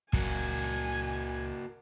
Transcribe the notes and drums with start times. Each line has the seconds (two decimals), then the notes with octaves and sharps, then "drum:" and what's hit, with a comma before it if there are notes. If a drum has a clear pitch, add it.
0.13 C#2 A#2 F#3 A#3 F#4 A#4 G#5, drum: kick